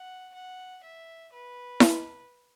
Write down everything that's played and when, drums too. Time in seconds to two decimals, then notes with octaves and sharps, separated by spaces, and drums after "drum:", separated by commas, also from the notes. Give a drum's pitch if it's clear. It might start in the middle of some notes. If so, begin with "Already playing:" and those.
Already playing: F#5
0.34 F#5
0.83 E5
1.33 B4
1.80 drum: snare E4